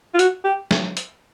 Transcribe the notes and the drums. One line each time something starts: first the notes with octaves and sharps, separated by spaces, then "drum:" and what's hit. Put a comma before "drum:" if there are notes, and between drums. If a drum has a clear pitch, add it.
F4
F#4, drum: hi-hat
G4
drum: snare
drum: hi-hat